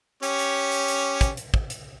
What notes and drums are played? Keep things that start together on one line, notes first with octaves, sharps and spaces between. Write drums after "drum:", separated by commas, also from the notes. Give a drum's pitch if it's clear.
C#4 G4 C#5, drum: hi-hat
drum: hi-hat
drum: hi-hat
drum: hi-hat
drum: kick, hi-hat
drum: hi-hat
drum: kick
drum: hi-hat